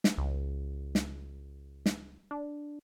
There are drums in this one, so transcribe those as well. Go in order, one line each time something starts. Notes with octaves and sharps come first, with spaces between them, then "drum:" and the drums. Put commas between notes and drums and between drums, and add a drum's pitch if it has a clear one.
drum: snare
C#2
drum: snare
drum: snare
D4